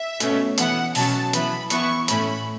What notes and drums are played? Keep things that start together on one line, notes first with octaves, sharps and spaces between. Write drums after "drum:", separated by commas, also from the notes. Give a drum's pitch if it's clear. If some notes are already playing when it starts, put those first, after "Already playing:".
Already playing: E5
B2 A3 C#4, drum: hi-hat
E3 B3 E4 F#5, drum: hi-hat
B2 F#3 C#4 A5, drum: open hi-hat
E3 B3 E4 B5, drum: hi-hat
E3 B3 E4 C#6, drum: hi-hat
A2 A3 C#4 E4 B5, drum: hi-hat